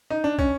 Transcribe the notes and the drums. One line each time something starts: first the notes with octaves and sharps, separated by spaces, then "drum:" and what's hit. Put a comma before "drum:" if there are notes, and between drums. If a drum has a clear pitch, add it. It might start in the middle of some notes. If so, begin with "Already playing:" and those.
D#4
D4
C#4, drum: kick